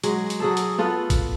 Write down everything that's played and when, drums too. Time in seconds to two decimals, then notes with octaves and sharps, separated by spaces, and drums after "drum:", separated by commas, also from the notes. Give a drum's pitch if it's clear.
0.04 F#3 G#3, drum: hi-hat
0.30 drum: hi-hat
0.40 F#3 G#4 A4
0.57 drum: hi-hat
0.78 B3 F4 A4 B4
1.10 drum: kick, hi-hat